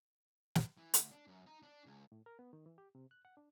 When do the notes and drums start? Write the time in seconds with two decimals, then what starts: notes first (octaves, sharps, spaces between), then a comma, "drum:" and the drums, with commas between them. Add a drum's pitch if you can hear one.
0.55 drum: snare
0.78 E3
0.94 D2, drum: hi-hat
1.11 D4
1.27 F#2
1.46 D#4
1.63 D4
1.86 C#2
2.12 A2
2.26 A#4
2.39 B3
2.53 D#3
2.66 E3
2.78 G4
2.95 C3
3.11 F#6
3.25 F#5
3.37 D4